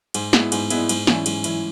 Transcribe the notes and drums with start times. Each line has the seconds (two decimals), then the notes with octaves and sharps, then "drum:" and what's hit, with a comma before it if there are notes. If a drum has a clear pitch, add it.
0.14 G#2, drum: cymbal
0.33 G#3 B3 E4, drum: snare
0.52 G#2, drum: cymbal
0.70 G#3 B3 E4, drum: cymbal
0.89 G#2, drum: cymbal
1.07 E3 C#4 E4, drum: snare
1.26 G#2, drum: cymbal
1.44 E3 C#4 E4, drum: cymbal